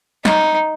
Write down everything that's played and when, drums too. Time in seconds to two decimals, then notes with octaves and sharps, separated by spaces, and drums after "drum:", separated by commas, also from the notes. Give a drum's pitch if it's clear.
0.25 D#4, drum: snare